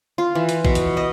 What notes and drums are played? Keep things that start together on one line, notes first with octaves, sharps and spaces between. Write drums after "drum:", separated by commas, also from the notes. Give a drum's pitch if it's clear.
F4
E3
drum: hi-hat
B2, drum: kick A#1
drum: hi-hat
D#5